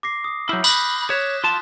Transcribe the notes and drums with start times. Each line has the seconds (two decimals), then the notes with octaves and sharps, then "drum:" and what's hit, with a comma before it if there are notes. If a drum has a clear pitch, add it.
0.03 D6 A#6 C7
0.24 D6 D#6
0.49 F#3 E4 F6 G6
0.64 B5 D#6 F#6 A#6, drum: tambourine
1.10 C#5 F#6 B6 E7
1.44 F4 A5